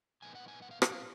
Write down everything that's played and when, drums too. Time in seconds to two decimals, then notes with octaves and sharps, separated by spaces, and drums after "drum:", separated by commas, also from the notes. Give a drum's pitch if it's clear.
0.22 A#2 F3 G#3 B3 D#4 G#5
0.35 F#5
0.48 G#5
0.62 F#5
0.71 F5
0.82 F5, drum: rim click
0.92 F5